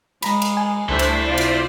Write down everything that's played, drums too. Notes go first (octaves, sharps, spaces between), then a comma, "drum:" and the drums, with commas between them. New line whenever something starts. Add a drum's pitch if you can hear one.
G#3 A#5 B5, drum: cymbal
drum: cymbal
G#5
C#2 G3 A3 D4 E4 A4 C5
drum: cymbal
C3 F4 C5 D5
drum: cymbal